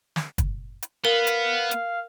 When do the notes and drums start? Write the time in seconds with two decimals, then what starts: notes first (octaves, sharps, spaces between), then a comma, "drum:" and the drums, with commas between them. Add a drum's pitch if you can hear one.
0.16 drum: snare
0.38 drum: kick, hi-hat
0.82 drum: hi-hat
1.05 B3 A#4 F5
1.27 drum: hi-hat
1.71 drum: hi-hat